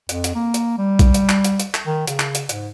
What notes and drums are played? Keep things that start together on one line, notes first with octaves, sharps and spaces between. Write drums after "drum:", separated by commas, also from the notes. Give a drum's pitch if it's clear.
F2, drum: hi-hat
drum: hi-hat
A#3
drum: hi-hat
G3
drum: kick A#1, hi-hat
drum: hi-hat
drum: clap
drum: hi-hat
drum: hi-hat
drum: clap
D#3
C#3, drum: hi-hat
drum: clap
drum: hi-hat
G#2, drum: hi-hat